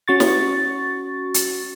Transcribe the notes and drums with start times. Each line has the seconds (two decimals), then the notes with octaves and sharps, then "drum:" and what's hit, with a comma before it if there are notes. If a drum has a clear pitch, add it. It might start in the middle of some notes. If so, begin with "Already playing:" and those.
0.08 C#4 F#4 C#6 A6
0.20 drum: snare
1.34 drum: hi-hat